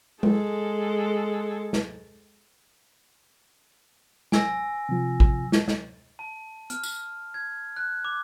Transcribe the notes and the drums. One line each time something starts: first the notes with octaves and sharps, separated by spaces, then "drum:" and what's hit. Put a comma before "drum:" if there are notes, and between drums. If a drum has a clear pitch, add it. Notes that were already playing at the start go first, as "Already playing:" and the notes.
G#3 A4, drum: tom G#3
drum: snare
G#5 E6 A#6, drum: snare
C3 F3
drum: kick
drum: snare
drum: snare
A5
F6, drum: hi-hat
drum: tambourine
G#6
F#6
D6